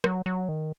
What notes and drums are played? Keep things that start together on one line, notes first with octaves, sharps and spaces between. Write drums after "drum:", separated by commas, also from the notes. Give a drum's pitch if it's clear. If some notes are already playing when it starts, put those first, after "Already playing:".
F#3, drum: rim click
F#3
D#3